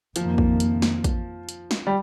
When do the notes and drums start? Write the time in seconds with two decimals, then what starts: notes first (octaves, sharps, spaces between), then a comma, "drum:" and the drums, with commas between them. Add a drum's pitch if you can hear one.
0.16 F2 C3 D#3 F3 A#3, drum: hi-hat
0.38 drum: kick
0.60 drum: hi-hat
0.82 drum: snare
1.04 drum: kick, hi-hat
1.49 drum: hi-hat
1.71 drum: snare
1.87 G3